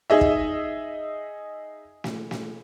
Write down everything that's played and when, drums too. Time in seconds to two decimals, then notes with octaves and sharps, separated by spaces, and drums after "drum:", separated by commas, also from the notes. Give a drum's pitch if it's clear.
0.10 D#4 G#4 D#5 E5
0.21 drum: kick
2.04 drum: snare
2.31 drum: snare